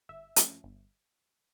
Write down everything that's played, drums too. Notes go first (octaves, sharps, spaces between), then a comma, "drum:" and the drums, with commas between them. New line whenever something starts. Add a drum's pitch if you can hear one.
G1 E5
G2 F3 A3 C#4, drum: hi-hat
G1